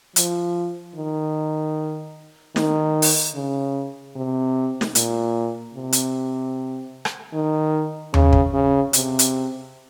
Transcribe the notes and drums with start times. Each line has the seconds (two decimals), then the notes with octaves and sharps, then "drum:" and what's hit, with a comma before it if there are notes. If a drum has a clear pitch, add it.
0.16 F3, drum: hi-hat
0.96 D#3
2.56 D#3, drum: snare
3.02 drum: open hi-hat
3.35 C#3
4.16 C3
4.81 drum: snare
4.95 A#2, drum: hi-hat
5.75 C3
5.92 drum: hi-hat
7.05 drum: rim click
7.34 D#3
8.14 C#3, drum: tom D#2
8.33 drum: kick
8.53 C#3
8.93 C3, drum: hi-hat
9.19 drum: hi-hat